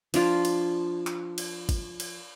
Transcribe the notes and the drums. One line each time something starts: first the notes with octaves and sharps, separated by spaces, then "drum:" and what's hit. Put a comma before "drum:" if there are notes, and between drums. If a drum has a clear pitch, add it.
F3 D4 F4, drum: cymbal
drum: cymbal
drum: clap
drum: cymbal
drum: kick, cymbal
drum: cymbal